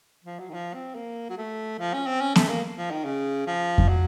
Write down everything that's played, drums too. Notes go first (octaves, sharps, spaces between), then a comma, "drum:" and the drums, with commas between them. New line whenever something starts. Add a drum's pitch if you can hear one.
F3
F#3
D#3
F3
C4
A#3
F#3
A3
F3
C#4
C4
C#4
A3, drum: snare B3
A#3
F3
D#3
C#3
F3
drum: kick F2
F#3